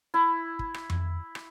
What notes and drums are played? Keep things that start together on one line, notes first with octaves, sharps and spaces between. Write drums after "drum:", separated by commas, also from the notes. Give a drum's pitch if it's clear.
E4
drum: kick
drum: rim click
drum: tom F2
drum: rim click